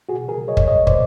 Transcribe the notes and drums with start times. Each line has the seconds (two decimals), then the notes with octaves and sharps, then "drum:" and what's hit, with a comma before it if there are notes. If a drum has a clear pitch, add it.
0.09 B2 F#4 G#4
0.29 G#4 A#4
0.47 F#3 C#5 D#5
0.57 drum: kick
0.67 C#5 D#5
0.87 B2 C5 D5, drum: kick